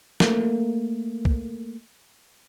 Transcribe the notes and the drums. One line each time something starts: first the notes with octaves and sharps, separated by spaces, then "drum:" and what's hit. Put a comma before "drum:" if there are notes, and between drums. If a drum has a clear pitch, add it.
A3 A#3, drum: snare
drum: kick